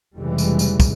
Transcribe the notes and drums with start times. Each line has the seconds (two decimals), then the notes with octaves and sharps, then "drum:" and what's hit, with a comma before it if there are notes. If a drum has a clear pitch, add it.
0.18 F1 F2 C#3 E3 G3 G#3
0.38 drum: tambourine
0.59 drum: tambourine
0.80 drum: kick, tambourine